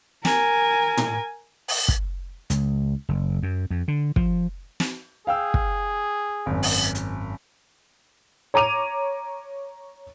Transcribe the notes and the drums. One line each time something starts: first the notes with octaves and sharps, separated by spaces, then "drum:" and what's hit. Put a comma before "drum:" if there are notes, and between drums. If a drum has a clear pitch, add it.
A#4 G#5, drum: snare
drum: tom
drum: open hi-hat
drum: kick
C#2, drum: hi-hat
F#1
F#2
F2
D3
F3, drum: kick
drum: snare
G#4 F5 G5 E6
drum: kick
G#1 F#2
drum: open hi-hat
drum: hi-hat
C#5 A#5 D6 D#7 F7